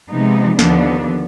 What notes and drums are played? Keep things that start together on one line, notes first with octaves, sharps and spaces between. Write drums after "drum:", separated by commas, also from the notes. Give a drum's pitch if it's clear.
C3 F3 G#3 B3 D#4
D#2 D3 F3 B3 D4, drum: snare